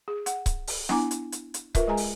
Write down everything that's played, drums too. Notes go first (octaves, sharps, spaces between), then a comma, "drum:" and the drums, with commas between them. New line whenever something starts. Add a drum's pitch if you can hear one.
G#4
F#5, drum: hi-hat
drum: kick C#1, hi-hat
drum: open hi-hat
B3 D4 E4 G#5 A#5 D6, drum: snare
drum: hi-hat
drum: hi-hat
drum: hi-hat
F4 A#4 B4 E5, drum: kick C#1, hi-hat
G#3 G#4 G#5 A#5
drum: open hi-hat